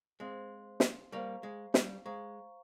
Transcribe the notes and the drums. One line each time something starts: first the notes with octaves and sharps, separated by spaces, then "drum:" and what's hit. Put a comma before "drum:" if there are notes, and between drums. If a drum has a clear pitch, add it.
G#3 C4 C5 F5 C6
drum: snare
G3 A#3 C5 F5 A#5 C#6
G#3
G3, drum: snare
G#3 C5 F5 A#5 C#6